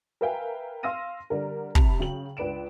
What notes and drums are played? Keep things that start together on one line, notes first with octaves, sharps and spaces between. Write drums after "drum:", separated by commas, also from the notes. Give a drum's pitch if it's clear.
A#4 B4 E5 F5 G5 G#5
F5 C6 E6 F6 A#6 D#7
D3 G3 A#4
C3 A5 B5 F7, drum: kick
C#3 F#3 G5 F#7
C#2 D4 B4 D5 D7 E7